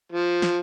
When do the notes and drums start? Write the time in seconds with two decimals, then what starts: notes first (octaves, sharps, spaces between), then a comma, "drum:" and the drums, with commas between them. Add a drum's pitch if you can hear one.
0.12 F3
0.42 drum: snare